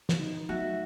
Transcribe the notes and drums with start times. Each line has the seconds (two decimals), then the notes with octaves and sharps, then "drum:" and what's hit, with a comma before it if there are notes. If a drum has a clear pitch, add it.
0.09 drum: snare
0.20 D#4
0.49 F#3 A3 B3 F#4 E5